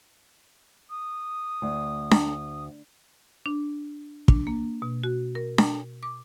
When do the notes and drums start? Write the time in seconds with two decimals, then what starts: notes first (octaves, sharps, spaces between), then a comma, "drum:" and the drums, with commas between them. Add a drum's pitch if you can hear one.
0.90 D#6
1.62 D2
2.11 drum: snare D4
3.46 D4
4.28 D4, drum: kick
4.47 A#3
4.82 B2
5.03 F#4
5.35 A#4
5.58 drum: snare D4
6.03 D6